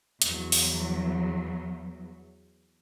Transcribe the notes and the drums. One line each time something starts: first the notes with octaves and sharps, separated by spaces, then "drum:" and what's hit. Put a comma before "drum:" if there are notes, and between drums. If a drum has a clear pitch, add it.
E2 F#3, drum: hi-hat
drum: open hi-hat